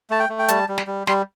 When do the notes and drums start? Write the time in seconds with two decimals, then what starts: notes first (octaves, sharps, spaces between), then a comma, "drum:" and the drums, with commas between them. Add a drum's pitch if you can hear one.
0.10 A3 A5
0.20 G5
0.29 A3
0.39 G5
0.48 G3 A5, drum: hi-hat
0.68 G3
0.78 drum: snare
0.87 G3
1.07 G3 C6, drum: snare